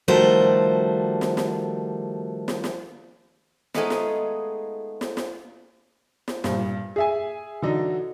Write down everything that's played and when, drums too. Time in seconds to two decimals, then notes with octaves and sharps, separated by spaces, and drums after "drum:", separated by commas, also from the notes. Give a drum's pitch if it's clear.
0.08 D#3 F3 G3 A3 F#4 C5
1.21 drum: snare
1.37 drum: snare
2.48 drum: snare
2.64 drum: snare
3.74 G#3 A3 B3 D#4 F4 G#4, drum: snare
3.90 drum: snare
5.01 drum: snare
5.17 drum: snare
6.28 drum: snare
6.44 G2 A#2, drum: snare
6.96 G#4 E5 G#5
7.62 D3 E3 F#3 D4 D#4 F#4